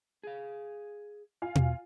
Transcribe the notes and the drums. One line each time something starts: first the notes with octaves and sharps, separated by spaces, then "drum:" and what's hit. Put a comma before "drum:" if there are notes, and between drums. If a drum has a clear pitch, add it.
G#4 F5
F4 F5 G#5
drum: tom B2